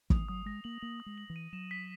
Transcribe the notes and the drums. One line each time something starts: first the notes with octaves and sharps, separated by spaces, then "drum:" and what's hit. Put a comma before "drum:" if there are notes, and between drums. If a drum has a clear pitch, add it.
E3 D#6, drum: kick
F#3 D#6
G#3 A#6
A#3 F#7
A#3 F#7
D#6
G#3
F#7
E3
D#7
F#3 E7
B6